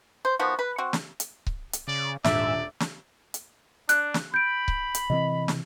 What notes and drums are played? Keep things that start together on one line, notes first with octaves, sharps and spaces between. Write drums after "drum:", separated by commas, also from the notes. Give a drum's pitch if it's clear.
C5
D#3 F3 B3 F#4
B4
C4 F#4
drum: snare
drum: hi-hat
drum: kick C#1
drum: hi-hat
C#3 D5
D#1 G#2 D4 D5 E5, drum: snare
drum: snare
drum: hi-hat
D4 F#6, drum: hi-hat
drum: snare
B5 G6 D7
drum: kick C#1
drum: hi-hat
C3 E3 C4 D#5
drum: snare